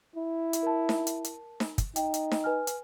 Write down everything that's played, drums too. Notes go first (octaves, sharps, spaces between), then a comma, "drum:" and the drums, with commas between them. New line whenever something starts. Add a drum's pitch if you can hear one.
E4
drum: hi-hat
A#4 A5
drum: snare D#4
drum: hi-hat
drum: hi-hat
drum: snare D#4
drum: kick, hi-hat
D#4 G5, drum: hi-hat
drum: hi-hat
drum: snare D#4
B4 G#5 F6
drum: hi-hat